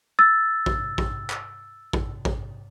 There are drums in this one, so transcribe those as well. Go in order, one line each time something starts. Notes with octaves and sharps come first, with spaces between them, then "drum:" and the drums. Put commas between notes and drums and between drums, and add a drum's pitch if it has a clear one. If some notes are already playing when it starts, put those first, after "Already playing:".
E6 A6
drum: kick A1
drum: kick A1
drum: clap
drum: kick A1
drum: kick A1